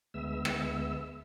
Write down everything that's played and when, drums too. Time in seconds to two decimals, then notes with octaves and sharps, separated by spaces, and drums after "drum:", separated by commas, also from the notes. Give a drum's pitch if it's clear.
0.14 D2 G#3 B3 E5 E6
0.45 drum: rim click